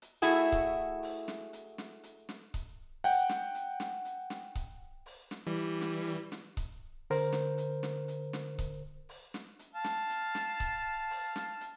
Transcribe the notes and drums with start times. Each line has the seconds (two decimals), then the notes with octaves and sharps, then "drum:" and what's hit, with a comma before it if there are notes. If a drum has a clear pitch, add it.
0.02 drum: hi-hat
0.22 A3 E4 F#4 G#4
0.52 drum: kick C#1, hi-hat
1.03 drum: open hi-hat
1.28 drum: snare
1.53 drum: hi-hat
1.78 drum: snare
2.03 drum: hi-hat
2.29 drum: snare
2.54 drum: kick C#1, hi-hat
3.04 F#5 G5, drum: open hi-hat
3.29 drum: snare
3.55 drum: hi-hat
3.80 drum: snare
4.05 drum: hi-hat
4.30 drum: snare
4.55 drum: kick C#1, hi-hat
5.06 drum: open hi-hat
5.31 drum: snare
5.47 E3 G3
5.56 drum: hi-hat
5.81 drum: snare
6.07 drum: hi-hat
6.32 drum: snare
6.57 drum: kick C#1, hi-hat
7.10 D3 A#4 C5, drum: open hi-hat
7.33 drum: snare
7.58 drum: hi-hat
7.83 drum: snare
8.08 drum: hi-hat
8.33 drum: snare
8.59 drum: kick C#1, hi-hat
9.09 drum: open hi-hat
9.34 drum: snare
9.59 drum: hi-hat
9.75 F5 A5
9.84 drum: snare
10.10 drum: hi-hat
10.35 drum: snare
10.60 drum: kick C#1, hi-hat
11.10 drum: open hi-hat
11.36 drum: snare
11.61 drum: hi-hat